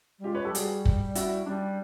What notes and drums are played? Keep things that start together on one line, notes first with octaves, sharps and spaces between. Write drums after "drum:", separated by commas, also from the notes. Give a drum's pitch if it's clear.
G3
G#3 F4 G4
B4 C#5
F#3 G4 A4
G3 F#4 G#4, drum: hi-hat
drum: kick
E4 F#4, drum: hi-hat
G3 D4